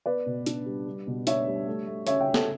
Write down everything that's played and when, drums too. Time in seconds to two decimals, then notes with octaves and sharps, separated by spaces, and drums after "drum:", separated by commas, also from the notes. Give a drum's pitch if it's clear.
0.06 B3 B4 D5
0.26 B2
0.46 D4, drum: hi-hat
0.66 G3
0.87 G3
1.07 B2
1.27 D4 C#5 E5, drum: hi-hat
1.47 G3
1.67 A3
1.87 A3
2.07 C#4 C#5 E5, drum: hi-hat
2.20 E5 G5
2.27 C#4
2.34 A4, drum: snare